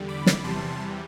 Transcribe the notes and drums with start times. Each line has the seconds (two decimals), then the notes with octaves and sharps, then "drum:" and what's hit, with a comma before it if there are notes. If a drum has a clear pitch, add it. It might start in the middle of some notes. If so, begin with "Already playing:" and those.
Already playing: E2 D3 G3
0.08 B5 D6
0.26 drum: snare
0.44 E2 C3 E3 G3 A5 C6